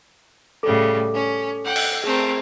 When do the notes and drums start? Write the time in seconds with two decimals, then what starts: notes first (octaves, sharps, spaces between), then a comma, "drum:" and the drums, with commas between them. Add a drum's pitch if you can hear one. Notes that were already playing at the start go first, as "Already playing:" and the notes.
0.63 A2 C#3 G3 A4 D6
1.14 C#4
1.64 F#5 G5 F#6
1.76 drum: cymbal
2.04 A3 C4 G#4 A#4